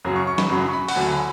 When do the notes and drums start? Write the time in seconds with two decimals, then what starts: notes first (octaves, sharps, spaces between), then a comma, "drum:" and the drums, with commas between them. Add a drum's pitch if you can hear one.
0.05 F#2 C#3 F#3
0.16 C#6
0.27 C#6
0.38 B5, drum: snare
0.50 F#2 C#3 F#3 B5
0.68 C#6
0.73 B5
0.88 F#5, drum: open hi-hat
0.95 D2 D3 F#3 G#5
1.12 B5